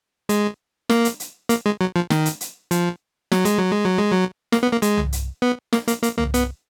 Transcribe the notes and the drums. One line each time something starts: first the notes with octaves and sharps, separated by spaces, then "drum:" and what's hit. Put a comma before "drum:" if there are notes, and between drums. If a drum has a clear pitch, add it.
G#3, drum: hi-hat
A#3, drum: snare
drum: hi-hat
drum: hi-hat
A#3, drum: hi-hat
G#3
F#3
F3
D#3, drum: snare
drum: hi-hat
drum: hi-hat
F3, drum: hi-hat
F#3, drum: snare
G#3, drum: hi-hat
F#3
G#3
F#3
G#3
F#3
A#3, drum: snare
B3
A#3
G#3, drum: hi-hat
drum: tom
drum: hi-hat
B3
A#3, drum: snare
A#3, drum: hi-hat
A#3, drum: hi-hat
A#3, drum: tom
B3, drum: hi-hat